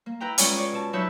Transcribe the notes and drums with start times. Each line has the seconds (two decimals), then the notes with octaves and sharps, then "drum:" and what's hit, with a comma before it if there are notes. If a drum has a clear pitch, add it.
0.06 A#3
0.20 E4 B4 G5 A#5
0.38 G#3 C#4 F4 C#5 D5 G#5, drum: hi-hat
0.57 C#5 D5
0.72 B2 A5
0.93 F#3 D#4 C#5 E5 B5 G6